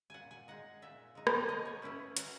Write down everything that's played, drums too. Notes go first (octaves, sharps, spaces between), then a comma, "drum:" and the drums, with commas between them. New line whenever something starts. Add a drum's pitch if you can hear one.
A#2 F#5 G#5
G#5
G#3 D#4 F#5
A#2 E5
G#3 D#4
drum: rim click
F#3 D#5
C#5
C#4 E4 B4
F#3 F#5, drum: hi-hat